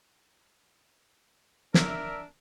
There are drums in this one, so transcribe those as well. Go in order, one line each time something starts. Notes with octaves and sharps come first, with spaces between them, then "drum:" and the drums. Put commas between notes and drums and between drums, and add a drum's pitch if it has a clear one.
D4 A#4 E5, drum: snare